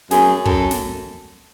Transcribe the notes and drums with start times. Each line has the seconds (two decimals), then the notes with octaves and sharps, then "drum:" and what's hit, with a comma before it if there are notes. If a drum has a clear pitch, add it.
0.11 F#2 G#4, drum: snare
0.45 F#2 A4, drum: kick
0.71 drum: snare